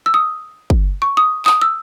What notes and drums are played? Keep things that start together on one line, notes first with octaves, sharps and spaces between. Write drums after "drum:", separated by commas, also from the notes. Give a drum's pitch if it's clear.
E6
D#6
drum: kick
C#6
D#6
D#6, drum: clap
E6